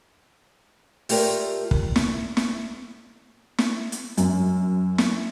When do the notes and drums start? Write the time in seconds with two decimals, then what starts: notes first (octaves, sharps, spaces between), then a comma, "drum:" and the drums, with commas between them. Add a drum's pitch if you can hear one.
1.09 A3 F4 G4 A#4 D5, drum: open hi-hat
1.71 drum: kick
1.96 drum: snare
2.37 drum: snare
3.58 drum: snare
3.92 drum: hi-hat
4.17 F#2, drum: hi-hat
4.98 drum: snare